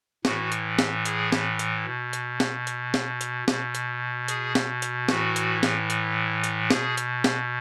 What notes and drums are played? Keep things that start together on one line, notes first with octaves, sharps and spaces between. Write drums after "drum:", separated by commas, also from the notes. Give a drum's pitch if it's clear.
A2 E3 F#4, drum: snare
drum: hi-hat
drum: snare
G#4, drum: hi-hat
drum: snare
drum: hi-hat
B2
drum: hi-hat
drum: snare
drum: hi-hat
drum: snare
drum: hi-hat
B2, drum: snare
drum: hi-hat
G#4, drum: hi-hat
drum: snare
drum: hi-hat
A2 E3 F#4, drum: snare
drum: hi-hat
drum: snare
drum: hi-hat
drum: hi-hat
B2 G#4, drum: snare
drum: hi-hat
drum: snare